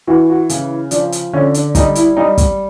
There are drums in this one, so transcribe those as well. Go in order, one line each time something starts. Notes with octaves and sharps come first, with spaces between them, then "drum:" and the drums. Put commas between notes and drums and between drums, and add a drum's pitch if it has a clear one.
E3 F#4
F#4
C#3, drum: hi-hat
F3 D4, drum: hi-hat
drum: hi-hat
D3 C#4
D4, drum: hi-hat
G3 D#4, drum: kick, hi-hat
E4, drum: hi-hat
G3 D#4
drum: kick, hi-hat